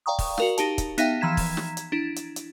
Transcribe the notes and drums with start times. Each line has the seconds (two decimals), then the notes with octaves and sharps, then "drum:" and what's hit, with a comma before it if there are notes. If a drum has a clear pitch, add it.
0.06 D5 F5 G5 A#5 C#6 D#6
0.19 drum: kick, open hi-hat
0.38 F#4 A#4 F5, drum: snare
0.58 D#4 G4 A5, drum: hi-hat
0.78 drum: kick, hi-hat
0.98 B3 D#4 E5 F5 G5, drum: hi-hat
1.21 E3 F3 A#5 G#6 B6 E7
1.37 drum: kick, open hi-hat
1.57 drum: snare
1.77 drum: hi-hat
1.92 D4 E4
2.16 drum: hi-hat
2.36 drum: hi-hat